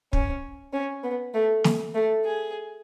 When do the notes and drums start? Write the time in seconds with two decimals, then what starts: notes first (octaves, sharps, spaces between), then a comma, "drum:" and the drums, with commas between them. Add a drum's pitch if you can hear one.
0.13 C#4, drum: kick
0.73 C#4
1.04 B3
1.35 A3
1.64 drum: snare
1.95 A3
2.26 G#4